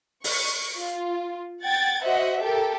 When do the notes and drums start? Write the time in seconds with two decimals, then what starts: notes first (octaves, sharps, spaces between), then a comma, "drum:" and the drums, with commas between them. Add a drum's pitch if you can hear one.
0.24 C#6, drum: open hi-hat
0.77 F4
1.63 F#5 G5 G#6 A6
2.05 F#4 C5 D#5 E5 F#5
2.41 G4 A4 A#4 G5